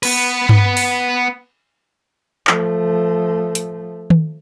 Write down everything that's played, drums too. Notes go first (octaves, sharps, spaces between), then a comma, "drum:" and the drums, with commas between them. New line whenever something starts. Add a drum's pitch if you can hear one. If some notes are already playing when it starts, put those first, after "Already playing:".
B3 B4, drum: cymbal
drum: tom G2
drum: open hi-hat
F3 A3, drum: clap
drum: hi-hat
drum: tom D#3